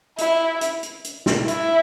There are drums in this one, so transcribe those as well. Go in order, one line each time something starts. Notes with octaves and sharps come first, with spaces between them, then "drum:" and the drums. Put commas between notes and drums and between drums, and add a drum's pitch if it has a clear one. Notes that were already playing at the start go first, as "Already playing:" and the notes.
E4, drum: hi-hat
drum: hi-hat
drum: hi-hat
drum: hi-hat
drum: snare
E4, drum: hi-hat